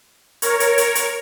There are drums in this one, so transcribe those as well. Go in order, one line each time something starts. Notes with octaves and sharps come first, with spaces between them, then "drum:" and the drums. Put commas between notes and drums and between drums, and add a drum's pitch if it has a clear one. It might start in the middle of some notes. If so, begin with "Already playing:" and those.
A#4 C#5, drum: hi-hat
drum: hi-hat
drum: hi-hat
drum: hi-hat